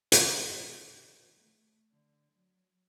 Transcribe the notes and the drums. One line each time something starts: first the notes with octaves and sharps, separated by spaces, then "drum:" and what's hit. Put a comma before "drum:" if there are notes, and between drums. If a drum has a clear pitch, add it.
F#3, drum: hi-hat
B2
D#3
A3
D3
F#3